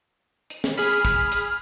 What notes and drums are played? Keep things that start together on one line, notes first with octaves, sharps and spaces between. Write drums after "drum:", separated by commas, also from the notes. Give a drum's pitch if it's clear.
drum: hi-hat
drum: snare
G#4 B5 F6, drum: hi-hat
drum: kick, hi-hat
drum: hi-hat